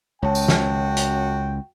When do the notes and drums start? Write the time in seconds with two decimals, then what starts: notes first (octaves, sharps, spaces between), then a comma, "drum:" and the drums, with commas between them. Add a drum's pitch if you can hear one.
0.22 C#2 F#2 F#4 C#5 G5 A5
0.35 drum: tambourine
0.48 drum: snare
0.97 drum: hi-hat